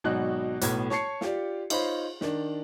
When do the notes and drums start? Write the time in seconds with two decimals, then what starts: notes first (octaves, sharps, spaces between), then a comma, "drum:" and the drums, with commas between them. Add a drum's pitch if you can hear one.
0.04 G#1 B2 F#3 D#4 F#4 F#6
0.61 B1 A2 B3 G#6, drum: hi-hat
0.90 C#5 A5 C#6 C7 C#7, drum: snare
1.21 F4 G4 D5, drum: snare
1.70 D#4 F4 C5 C#5 B5, drum: cymbal
2.21 D#3 D4, drum: snare